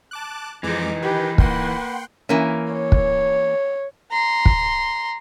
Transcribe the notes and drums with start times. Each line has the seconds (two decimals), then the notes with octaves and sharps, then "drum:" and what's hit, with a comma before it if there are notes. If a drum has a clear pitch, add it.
0.11 A5 D6 F#6
0.63 F2 E3 G#3 D#4 D6
1.02 D#3 G4 B4
1.38 A#3 B4 F#5 G5 C6, drum: kick
2.29 E3 A#3 C#4
2.73 C#5
2.92 drum: kick
4.11 A#5 C6
4.46 drum: kick